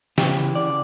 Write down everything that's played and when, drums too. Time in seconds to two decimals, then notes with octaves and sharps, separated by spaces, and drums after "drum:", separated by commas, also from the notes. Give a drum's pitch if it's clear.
0.18 C#3 G4, drum: snare
0.37 E3
0.55 C#3 D5